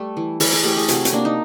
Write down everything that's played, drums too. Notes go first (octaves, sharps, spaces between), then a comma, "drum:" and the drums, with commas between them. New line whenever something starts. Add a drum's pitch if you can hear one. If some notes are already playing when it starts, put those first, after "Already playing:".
Already playing: G3 A3
E3
E3 A4, drum: open hi-hat
G#4
A3 G4
G#4
C3 F#4, drum: hi-hat
C#4, drum: hi-hat
A#3 D4
D#4